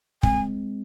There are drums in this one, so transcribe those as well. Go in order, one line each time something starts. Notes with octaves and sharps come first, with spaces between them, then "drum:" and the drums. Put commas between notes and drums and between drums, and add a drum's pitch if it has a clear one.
G#3 C4 G#5, drum: kick